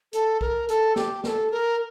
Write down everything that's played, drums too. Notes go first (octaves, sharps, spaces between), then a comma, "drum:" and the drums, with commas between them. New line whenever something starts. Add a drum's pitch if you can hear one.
A4, drum: hi-hat
A#4, drum: kick B1
A4, drum: hi-hat
G4, drum: snare
A#4, drum: snare
A4
A#4